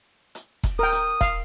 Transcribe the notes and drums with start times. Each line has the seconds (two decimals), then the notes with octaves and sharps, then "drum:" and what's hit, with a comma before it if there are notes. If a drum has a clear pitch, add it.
0.35 drum: hi-hat
0.63 drum: kick E1, hi-hat
0.79 A#4 G5 D#6
0.92 drum: hi-hat
1.21 F5, drum: kick E1, hi-hat